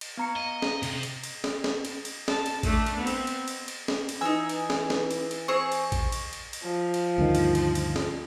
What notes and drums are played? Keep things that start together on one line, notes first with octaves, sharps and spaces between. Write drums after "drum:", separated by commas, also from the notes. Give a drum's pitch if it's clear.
drum: cymbal
B3 A#5 C#7
D#5
drum: snare
C3, drum: cymbal
drum: cymbal
drum: cymbal
drum: snare
drum: snare
drum: cymbal
drum: cymbal
A5, drum: snare
drum: cymbal
A3 D4, drum: kick A1, cymbal
drum: cymbal
B3 C4
drum: cymbal
drum: cymbal
drum: cymbal
drum: cymbal
drum: snare
drum: cymbal
E3 D#4 G#5 E6
drum: cymbal
drum: snare
drum: snare
drum: cymbal
drum: cymbal
C4 G#4 C#6
drum: cymbal
drum: kick A1, cymbal
drum: cymbal
drum: cymbal
drum: cymbal
F3
drum: cymbal
D2 G2 D#3
drum: cymbal
drum: cymbal
drum: cymbal
drum: snare